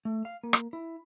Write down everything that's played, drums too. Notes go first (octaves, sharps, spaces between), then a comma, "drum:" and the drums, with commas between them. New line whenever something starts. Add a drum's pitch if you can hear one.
A3
F5
A#3
drum: rim click
E4